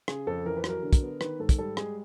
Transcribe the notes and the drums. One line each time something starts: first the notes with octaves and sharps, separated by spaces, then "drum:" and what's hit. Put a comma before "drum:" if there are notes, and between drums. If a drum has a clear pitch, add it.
C#3 G#4, drum: rim click
F2 A4
E3 A#4
B4
F#3 A#4, drum: rim click
D3
drum: kick, hi-hat
B3
D#3 B4, drum: rim click
G#2 A4
drum: kick, hi-hat
G3 A4
G#3 G#4, drum: rim click